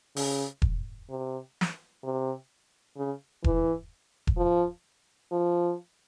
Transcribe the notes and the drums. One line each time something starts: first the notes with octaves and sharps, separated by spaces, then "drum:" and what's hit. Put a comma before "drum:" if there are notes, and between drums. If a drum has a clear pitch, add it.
C#3, drum: open hi-hat
drum: kick E1
C3
drum: snare
C3
C#3
E3, drum: kick E1
drum: kick E1
F3
F3